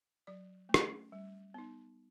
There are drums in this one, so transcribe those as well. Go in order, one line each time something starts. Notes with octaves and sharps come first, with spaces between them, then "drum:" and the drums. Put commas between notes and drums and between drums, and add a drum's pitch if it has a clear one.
F#3 D5
A3
C#4, drum: rim click
G3
B3 D#4